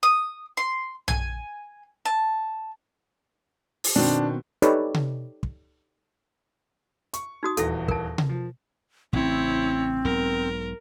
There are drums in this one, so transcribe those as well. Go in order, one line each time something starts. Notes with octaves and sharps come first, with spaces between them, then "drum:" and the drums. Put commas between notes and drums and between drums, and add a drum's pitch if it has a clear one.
D#6
C6
G#5, drum: tom A#1
A5
drum: open hi-hat
B2 D#3 C4 D4
D#4 G4 A4 B4 C#5 D5, drum: hi-hat
drum: tom C3
drum: kick
C#6, drum: hi-hat
D#4 F#4 D#6
D#1 E2 A4 A#6, drum: hi-hat
A#4 A5, drum: kick
drum: tom C3
F3
A1 C#3 C4 E4 C#5, drum: kick
B1 G#2 B2 A#4